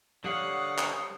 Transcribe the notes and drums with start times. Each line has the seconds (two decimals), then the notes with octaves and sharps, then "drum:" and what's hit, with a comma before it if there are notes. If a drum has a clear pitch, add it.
0.24 D3 G3 C#5 F5 F#5 D#6
0.78 drum: clap